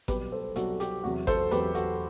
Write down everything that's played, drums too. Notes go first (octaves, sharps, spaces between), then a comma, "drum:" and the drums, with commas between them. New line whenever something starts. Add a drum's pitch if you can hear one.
C2 B2 F#3 G4 B4, drum: kick G#1, hi-hat
A4 C5
C2 B2 F#3 F#4 A4, drum: hi-hat
G4, drum: hi-hat
E2 C3 F#3 F#4
A4 C5, drum: kick G#1, hi-hat
E2 C3 F#3 G4 B4, drum: hi-hat
F#4 A4, drum: hi-hat